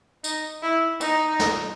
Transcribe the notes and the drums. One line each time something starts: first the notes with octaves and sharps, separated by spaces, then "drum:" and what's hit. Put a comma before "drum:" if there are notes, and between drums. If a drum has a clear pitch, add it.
D#4, drum: tambourine
E4
D#4, drum: tambourine
drum: snare